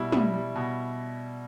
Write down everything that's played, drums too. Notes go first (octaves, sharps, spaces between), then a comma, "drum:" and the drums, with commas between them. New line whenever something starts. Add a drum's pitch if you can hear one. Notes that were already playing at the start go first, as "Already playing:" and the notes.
Already playing: B2 G3 E4
G3, drum: tom
G3
B2